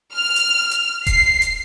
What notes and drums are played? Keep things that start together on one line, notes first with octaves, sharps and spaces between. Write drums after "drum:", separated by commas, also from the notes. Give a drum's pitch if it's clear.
F6
drum: hi-hat
drum: hi-hat
C7, drum: kick D#1, hi-hat
drum: hi-hat